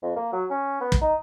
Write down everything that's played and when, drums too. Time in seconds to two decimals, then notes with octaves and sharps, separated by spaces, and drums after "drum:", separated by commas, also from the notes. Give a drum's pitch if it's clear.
0.03 F2
0.16 A#3
0.33 F#3
0.50 C#4
0.81 B3
0.92 drum: kick
1.01 D#4